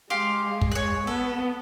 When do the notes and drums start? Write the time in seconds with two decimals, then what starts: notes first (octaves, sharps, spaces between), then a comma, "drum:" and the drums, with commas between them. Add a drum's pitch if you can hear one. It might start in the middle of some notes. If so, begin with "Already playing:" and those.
0.10 G#3 G4 F5 C6
0.61 drum: kick
0.72 C#5 F#6
1.07 B3 A4